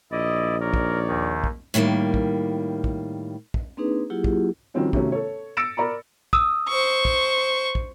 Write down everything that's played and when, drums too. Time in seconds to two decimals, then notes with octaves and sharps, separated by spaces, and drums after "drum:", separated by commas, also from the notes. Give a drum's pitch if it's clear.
0.12 A#1 E4 D5 D#5
0.61 D#4 A#4 C#5 D5
0.74 drum: kick
1.08 D#2 D#3
1.44 drum: kick
1.74 A2 D#3 F3 G3 A#3
2.14 drum: kick
2.84 drum: kick
3.54 drum: kick
3.77 A#3 C4 D4 D#4 G#4 B4
4.10 F#3 A#3 E4 F4 G4 G#4
4.24 drum: kick
4.74 D#3 F3 G3 C4 C#4 F#4
4.93 C3 D#3 F#3 A3 C#4, drum: kick
5.12 A4 C#5
5.57 E6 A6 A#6 C#7 D7 E7
5.77 A#4 D5 A#5 B5
6.33 D#6 E6, drum: kick
6.69 C5 C#6
7.05 drum: kick
7.75 drum: kick